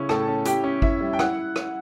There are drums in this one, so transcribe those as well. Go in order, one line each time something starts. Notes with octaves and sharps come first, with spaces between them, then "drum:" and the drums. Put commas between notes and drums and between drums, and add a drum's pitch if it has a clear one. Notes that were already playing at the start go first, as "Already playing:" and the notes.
Already playing: C#3 C#4 E4
A2 A4 A5, drum: rim click
C#4
E4 G4 G5, drum: hi-hat
C#4
E4 E5, drum: kick G#1
G3
G5
E4 F#5, drum: rim click
drum: rim click